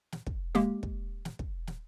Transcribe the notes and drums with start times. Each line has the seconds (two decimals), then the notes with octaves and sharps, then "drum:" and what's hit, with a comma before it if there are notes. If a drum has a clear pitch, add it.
0.12 drum: snare
0.26 drum: kick
0.55 G#3 A#3 G4, drum: snare
0.83 drum: kick
1.25 drum: snare
1.39 drum: kick
1.67 drum: snare